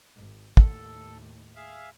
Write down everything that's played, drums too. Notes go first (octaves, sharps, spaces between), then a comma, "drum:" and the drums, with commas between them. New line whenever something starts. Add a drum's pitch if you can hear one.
G#1
D#2 A2 A4, drum: kick
G#4 E5 F5